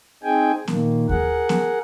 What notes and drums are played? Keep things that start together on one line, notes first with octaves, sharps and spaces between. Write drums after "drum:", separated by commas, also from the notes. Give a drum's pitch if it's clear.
C4 D#4 G#4 G5 G#5
A#2 D#3 A#3, drum: snare B3
G#4 A#4 F#5, drum: kick D#2
drum: snare B3